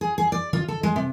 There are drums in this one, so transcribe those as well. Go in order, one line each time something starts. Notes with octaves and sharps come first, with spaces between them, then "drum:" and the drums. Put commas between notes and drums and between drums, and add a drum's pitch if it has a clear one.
G#4
G#4
D5
F4, drum: tom D#3
A4
G#3
C3